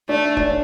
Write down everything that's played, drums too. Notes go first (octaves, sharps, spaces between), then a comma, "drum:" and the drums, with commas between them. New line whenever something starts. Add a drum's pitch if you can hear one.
A3 D4
D4, drum: kick E1
C#4